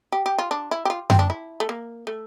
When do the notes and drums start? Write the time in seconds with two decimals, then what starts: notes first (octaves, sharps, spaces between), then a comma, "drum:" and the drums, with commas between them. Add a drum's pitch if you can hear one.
0.12 G4
0.26 G4
0.38 F4
0.51 D4
0.71 E4
0.85 G4
0.90 F4
1.10 C4, drum: tom F#2
1.19 D4
1.30 E4
1.60 A3
1.69 A#3
2.07 A3